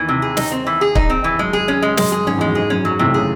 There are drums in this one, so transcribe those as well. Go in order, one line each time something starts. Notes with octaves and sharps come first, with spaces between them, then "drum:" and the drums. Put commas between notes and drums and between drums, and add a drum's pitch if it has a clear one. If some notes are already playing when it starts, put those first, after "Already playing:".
Already playing: D#2 D#3 E3
C3
G#4
D#4, drum: snare
C4
E3
G#4
D#4, drum: kick
C4
E3
F#2 G#3
G#4
C#4
G#3
F#2 G#3, drum: snare
G#4
G#1 G#2 C#4
E2 G#3
F#2
G#1 G#2 G#4
F#2 C#4
F#2 F#3
A1 A2 C3
C#3 G#4